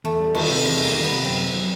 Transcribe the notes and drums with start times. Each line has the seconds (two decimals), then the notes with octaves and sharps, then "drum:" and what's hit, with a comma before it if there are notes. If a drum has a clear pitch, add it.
0.04 E2 A3
0.20 G3
0.35 D#3 A3, drum: cymbal
0.50 C3
0.65 E2 G#3
0.80 G3 A#3
0.95 D#3
1.04 B3
1.10 C3
1.25 F#2 C4
1.40 B3
1.54 F#3